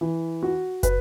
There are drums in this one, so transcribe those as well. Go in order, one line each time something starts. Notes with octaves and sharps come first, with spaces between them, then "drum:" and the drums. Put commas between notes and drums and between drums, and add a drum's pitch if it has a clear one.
E3
F#4
B4, drum: kick, hi-hat